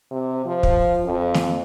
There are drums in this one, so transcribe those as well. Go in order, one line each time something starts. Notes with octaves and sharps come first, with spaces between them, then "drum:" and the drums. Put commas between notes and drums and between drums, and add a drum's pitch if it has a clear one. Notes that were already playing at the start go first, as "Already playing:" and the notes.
C3
F3
drum: kick
F2
drum: snare